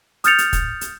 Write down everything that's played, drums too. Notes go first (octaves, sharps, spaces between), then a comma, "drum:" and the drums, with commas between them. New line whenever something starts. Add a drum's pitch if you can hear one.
D#6 F6 G6 A6 C#7 F7, drum: hi-hat
drum: hi-hat
drum: kick, hi-hat
drum: hi-hat